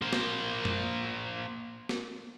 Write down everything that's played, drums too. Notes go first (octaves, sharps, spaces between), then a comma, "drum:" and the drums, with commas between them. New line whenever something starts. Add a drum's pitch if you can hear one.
A#3 C5
drum: snare
drum: tom F#2
drum: snare